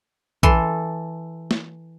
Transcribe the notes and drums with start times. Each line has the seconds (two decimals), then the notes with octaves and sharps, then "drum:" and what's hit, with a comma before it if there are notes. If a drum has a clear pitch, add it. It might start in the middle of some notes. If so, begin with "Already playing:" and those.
0.43 E3 A4 C6, drum: kick A#1
1.51 drum: snare